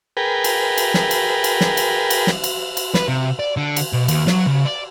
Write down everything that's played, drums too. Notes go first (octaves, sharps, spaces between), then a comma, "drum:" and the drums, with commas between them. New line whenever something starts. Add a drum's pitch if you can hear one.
G#4 A#4 B4 G5
drum: cymbal
drum: cymbal
drum: snare
drum: cymbal
drum: cymbal
drum: snare
drum: cymbal
drum: cymbal
drum: snare
drum: cymbal
drum: cymbal
B4, drum: snare
C3
D5
D3
drum: cymbal
B2
D#2, drum: cymbal
F#3, drum: snare
C#3
D5